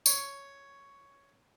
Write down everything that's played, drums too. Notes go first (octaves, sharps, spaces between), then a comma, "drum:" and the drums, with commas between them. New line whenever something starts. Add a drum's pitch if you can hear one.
C#5, drum: tambourine